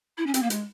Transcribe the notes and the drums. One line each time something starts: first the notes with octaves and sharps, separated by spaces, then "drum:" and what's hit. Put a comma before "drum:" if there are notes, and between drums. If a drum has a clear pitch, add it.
E4
C#4
C4, drum: hi-hat
A#3
G#3, drum: hi-hat